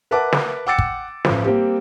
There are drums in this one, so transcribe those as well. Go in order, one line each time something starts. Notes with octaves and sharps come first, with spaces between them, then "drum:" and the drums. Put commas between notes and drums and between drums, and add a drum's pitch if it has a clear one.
A#4 B4 E5 F#5 A5 D6
drum: snare
F#5 G5 D6 E6 A6 C#7
drum: kick
A1 F3, drum: snare
G3 A#3 C4 G4